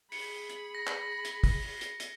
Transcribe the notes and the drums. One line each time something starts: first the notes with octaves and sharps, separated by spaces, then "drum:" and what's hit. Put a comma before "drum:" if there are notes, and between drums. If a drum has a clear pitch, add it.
G#4 B5 C#7, drum: open hi-hat
drum: hi-hat
A#6
drum: clap
drum: hi-hat
drum: kick, open hi-hat
drum: open hi-hat
drum: hi-hat
drum: hi-hat